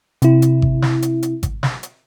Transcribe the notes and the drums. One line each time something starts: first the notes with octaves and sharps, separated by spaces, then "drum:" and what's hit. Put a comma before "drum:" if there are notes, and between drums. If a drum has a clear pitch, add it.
C3 E4, drum: hi-hat
drum: hi-hat
drum: kick G#1
drum: snare
drum: hi-hat
drum: hi-hat
drum: kick G#1, hi-hat
drum: snare
drum: hi-hat